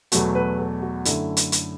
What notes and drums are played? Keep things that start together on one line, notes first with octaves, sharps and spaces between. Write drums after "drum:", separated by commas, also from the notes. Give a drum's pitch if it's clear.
E2 B2 F#3 A3 F#4, drum: hi-hat
B4
A4
F#4
F#2 D3 A3 E4, drum: hi-hat
drum: hi-hat
drum: hi-hat